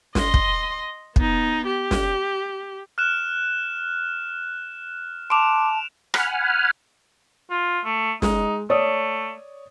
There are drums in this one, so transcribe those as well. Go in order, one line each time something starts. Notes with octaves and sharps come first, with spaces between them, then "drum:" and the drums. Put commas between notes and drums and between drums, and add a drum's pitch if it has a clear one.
D#5 C6, drum: snare
drum: kick
B3 D#4, drum: kick
G4
drum: snare
F6 F#6 E7
A5 C6 D6 D7 E7 F7
F#5 G#5 B5 F6, drum: rim click
F4
A3
G#3 D#4, drum: snare
A3 C#5 D5 D#6